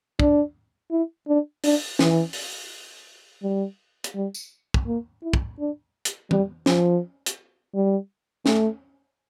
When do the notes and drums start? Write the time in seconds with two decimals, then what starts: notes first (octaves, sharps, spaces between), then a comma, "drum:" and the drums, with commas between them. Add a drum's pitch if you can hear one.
0.19 D4, drum: kick
0.91 E4
1.28 D4
1.64 D4, drum: open hi-hat
1.99 E3, drum: snare
2.33 drum: open hi-hat
3.43 G3
4.04 drum: hi-hat
4.15 G3
4.34 drum: tambourine
4.74 drum: kick
4.86 A#3
5.23 E4
5.33 drum: kick
5.59 D4
6.05 drum: hi-hat
6.31 G3, drum: tom
6.66 F3, drum: snare
7.26 drum: hi-hat
7.75 G3
8.46 A3, drum: snare